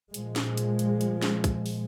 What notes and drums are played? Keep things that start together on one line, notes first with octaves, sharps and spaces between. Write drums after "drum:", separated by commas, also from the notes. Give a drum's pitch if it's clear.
A#2 F3 G#3, drum: hi-hat
drum: snare
drum: hi-hat
drum: hi-hat
drum: hi-hat
drum: snare
drum: kick, hi-hat
drum: open hi-hat